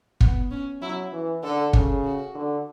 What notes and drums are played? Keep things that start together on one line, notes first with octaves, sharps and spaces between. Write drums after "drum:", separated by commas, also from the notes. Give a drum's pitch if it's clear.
B3, drum: kick
C#4
F#3 E4
E3
D3 A4
C#3, drum: kick
F#4
D3